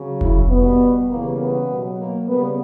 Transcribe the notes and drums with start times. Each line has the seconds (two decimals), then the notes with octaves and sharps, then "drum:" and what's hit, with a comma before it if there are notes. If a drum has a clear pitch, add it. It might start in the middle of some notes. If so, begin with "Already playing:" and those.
Already playing: C#3 F#3
0.21 E4, drum: kick F1
0.50 B2 G3 B3
1.09 C#3 E3 G3 A#3
1.39 B3
1.69 B2 F#3
1.98 A#3
2.28 C#3 G3 B3